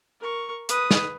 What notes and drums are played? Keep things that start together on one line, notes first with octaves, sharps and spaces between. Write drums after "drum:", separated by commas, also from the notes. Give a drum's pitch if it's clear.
A#4 C#6
B4 D#6, drum: hi-hat
drum: snare